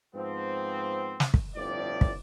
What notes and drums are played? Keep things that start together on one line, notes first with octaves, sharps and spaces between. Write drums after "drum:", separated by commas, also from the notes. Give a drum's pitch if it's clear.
G#2 F3 B3 C4
drum: snare
drum: kick
G1 F2 A2 D5
drum: kick